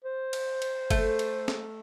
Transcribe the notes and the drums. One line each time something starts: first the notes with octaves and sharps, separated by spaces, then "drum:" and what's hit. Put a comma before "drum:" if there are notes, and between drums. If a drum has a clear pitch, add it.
C5
drum: cymbal
drum: cymbal
A3, drum: kick, cymbal
drum: cymbal
drum: snare